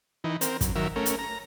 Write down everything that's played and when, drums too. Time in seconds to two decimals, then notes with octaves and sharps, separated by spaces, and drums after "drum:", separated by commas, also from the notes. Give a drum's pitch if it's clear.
0.24 E3 D#4
0.41 C4 A#4, drum: hi-hat
0.61 F#2, drum: kick, hi-hat
0.76 D#3 F#3 A#4 E5
0.96 A3 C#4 A#4
1.06 drum: hi-hat
1.19 A#5